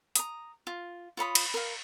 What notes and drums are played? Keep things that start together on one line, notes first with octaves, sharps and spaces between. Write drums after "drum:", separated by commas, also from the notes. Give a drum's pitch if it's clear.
A#5 D#6, drum: hi-hat
F4
F4 C#5 B5 D#6
drum: cymbal
A#4 F5